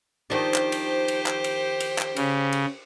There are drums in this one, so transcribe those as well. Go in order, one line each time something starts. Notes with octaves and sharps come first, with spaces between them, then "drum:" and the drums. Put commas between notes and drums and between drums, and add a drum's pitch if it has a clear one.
D#3 F3 D4 G4 C5
drum: clap
drum: cymbal
drum: cymbal
drum: clap
drum: cymbal
drum: cymbal
drum: clap
C#3, drum: cymbal
drum: cymbal